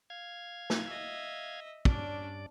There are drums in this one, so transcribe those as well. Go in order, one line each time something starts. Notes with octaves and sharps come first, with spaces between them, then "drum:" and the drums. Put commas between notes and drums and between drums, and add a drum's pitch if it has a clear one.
F5 G#6
drum: snare
D#5 E5
G2 C#4 D4 D5, drum: kick